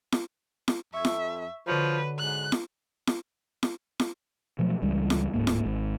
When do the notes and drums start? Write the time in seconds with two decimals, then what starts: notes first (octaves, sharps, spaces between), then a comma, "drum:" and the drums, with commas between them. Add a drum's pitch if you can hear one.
0.12 drum: snare
0.68 drum: snare
0.94 F2 E5 C#6 G#6
1.05 drum: snare
1.67 D3 F3 F#4 B4 C#5
2.19 G#2 F#6
2.52 drum: snare
3.07 drum: snare
3.63 drum: snare
4.00 drum: snare
4.59 B2 F3 F#3 A3
4.82 C#2 E3 G3 G#3
5.10 drum: snare
5.34 D1 G#2 A#3
5.47 drum: snare
5.65 G#1